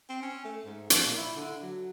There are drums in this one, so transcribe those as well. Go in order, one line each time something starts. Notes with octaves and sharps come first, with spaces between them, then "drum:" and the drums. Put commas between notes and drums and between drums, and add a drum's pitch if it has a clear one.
C4
C#4
A3
G#2
F3, drum: hi-hat
A#2
E4
D3
F#3